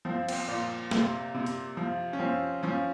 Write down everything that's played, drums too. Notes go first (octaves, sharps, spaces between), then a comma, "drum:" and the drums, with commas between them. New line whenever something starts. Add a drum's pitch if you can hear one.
F3 C4
C4, drum: cymbal
A#2
C3, drum: snare
C3
drum: open hi-hat
F3
C#4
F3 C4
F3 C#4